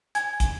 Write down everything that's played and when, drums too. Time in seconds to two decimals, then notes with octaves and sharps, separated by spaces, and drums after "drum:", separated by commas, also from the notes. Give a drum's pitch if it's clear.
0.15 G#5 G#6, drum: hi-hat
0.40 drum: kick, hi-hat